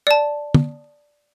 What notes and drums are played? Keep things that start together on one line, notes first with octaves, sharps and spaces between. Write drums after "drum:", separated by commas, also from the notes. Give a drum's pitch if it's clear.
D5 A5
drum: tom